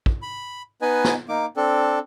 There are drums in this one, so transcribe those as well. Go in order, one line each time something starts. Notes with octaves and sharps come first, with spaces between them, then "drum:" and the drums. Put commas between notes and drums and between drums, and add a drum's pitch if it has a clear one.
drum: kick
B5
B3 D#4 B4 D#5 G#5
drum: snare
A#3 D#4 D6
C4 D4 A4